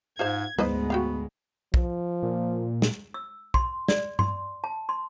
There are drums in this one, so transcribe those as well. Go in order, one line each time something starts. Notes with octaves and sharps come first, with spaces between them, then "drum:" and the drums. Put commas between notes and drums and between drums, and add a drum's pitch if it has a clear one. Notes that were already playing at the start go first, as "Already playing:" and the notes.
G#2 F4 C5 F5 G#6
D2 G#2 G#3 B3 B4 C5 D#5, drum: tom G3
F#4 G4 F5
F3, drum: kick
A#2
drum: snare
E6
C6, drum: kick
D5, drum: snare
C6, drum: tom G2
A5
C6